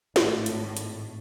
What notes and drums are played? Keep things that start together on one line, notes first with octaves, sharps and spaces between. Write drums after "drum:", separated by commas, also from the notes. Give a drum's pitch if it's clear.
G#1 A2, drum: snare
drum: hi-hat
drum: hi-hat